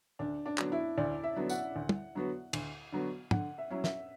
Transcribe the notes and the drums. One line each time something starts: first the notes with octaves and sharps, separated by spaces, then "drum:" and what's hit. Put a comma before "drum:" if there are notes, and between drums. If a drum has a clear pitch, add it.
D2 D4
D4
D3 F#3 B3 F#4, drum: clap
E4
D2 D5
E5
D3 F#3 B3 F#4
F#5, drum: tambourine
D2
drum: tom
D3 F#3 B3 F#4
D2, drum: cymbal
D3 F#3 B3 F#4
D3 F#5, drum: tom
E5
F#3 C#4 E4
E5, drum: snare